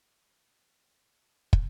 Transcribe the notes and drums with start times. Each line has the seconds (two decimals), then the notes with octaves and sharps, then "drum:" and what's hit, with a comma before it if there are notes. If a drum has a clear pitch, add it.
0.23 E4 F4 C5 E5 C#6
1.53 drum: kick